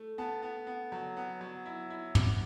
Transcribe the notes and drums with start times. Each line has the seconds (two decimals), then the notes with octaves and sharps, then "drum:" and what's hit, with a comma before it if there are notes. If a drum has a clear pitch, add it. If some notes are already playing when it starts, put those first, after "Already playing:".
Already playing: A3
0.18 B3 A5
0.43 B3
0.67 B3
0.92 F#3
1.17 B3
1.41 F#3
1.66 E4
1.90 E4
2.15 B3 D6, drum: tom